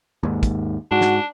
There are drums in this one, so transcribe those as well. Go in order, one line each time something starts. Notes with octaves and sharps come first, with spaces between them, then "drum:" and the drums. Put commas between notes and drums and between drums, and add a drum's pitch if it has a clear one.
D#2 G#2
drum: kick, hi-hat
G#2 D4 F#4
drum: snare